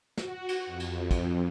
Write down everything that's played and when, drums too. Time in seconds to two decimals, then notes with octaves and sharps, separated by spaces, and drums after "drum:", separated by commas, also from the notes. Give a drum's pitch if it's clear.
0.17 F#4, drum: snare
0.49 drum: cymbal
0.66 F2
0.80 drum: cymbal
1.11 drum: kick, cymbal